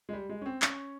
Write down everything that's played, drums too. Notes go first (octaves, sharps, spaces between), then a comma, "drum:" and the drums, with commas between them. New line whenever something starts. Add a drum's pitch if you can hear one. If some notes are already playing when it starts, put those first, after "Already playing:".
G#3
G3
G#3
C#4
C4
C#4, drum: clap